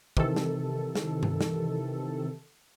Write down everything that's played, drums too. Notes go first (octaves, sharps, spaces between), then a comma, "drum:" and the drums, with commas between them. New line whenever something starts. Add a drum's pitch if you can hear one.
C3 D#3 E3 A4, drum: kick
drum: snare
drum: snare
drum: tom G2
drum: snare